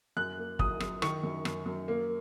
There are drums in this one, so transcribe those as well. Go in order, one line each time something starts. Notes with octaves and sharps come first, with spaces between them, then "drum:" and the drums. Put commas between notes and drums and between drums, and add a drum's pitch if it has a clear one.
F#2 F#6
A#3
F#2 D#6, drum: kick
F#2, drum: rim click
D#3 C#6, drum: rim click
F#2
F#2, drum: rim click
F#2
A#3